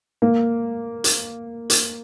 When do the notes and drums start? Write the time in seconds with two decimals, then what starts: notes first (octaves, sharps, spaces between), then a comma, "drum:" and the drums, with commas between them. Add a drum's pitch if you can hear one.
0.22 A#3
1.04 drum: hi-hat
1.70 drum: hi-hat